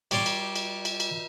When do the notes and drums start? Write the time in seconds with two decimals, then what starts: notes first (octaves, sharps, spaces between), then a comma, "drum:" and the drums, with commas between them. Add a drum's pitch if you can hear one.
0.11 G3 C#5 D5 C6 D6, drum: cymbal
0.26 drum: cymbal
0.56 drum: cymbal
0.85 drum: cymbal
1.00 drum: cymbal